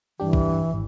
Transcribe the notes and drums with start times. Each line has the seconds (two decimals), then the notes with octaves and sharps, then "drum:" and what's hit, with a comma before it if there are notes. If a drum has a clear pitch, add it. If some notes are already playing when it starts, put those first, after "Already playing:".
0.20 G2 E3 D4 G4
0.33 drum: kick
0.73 G#1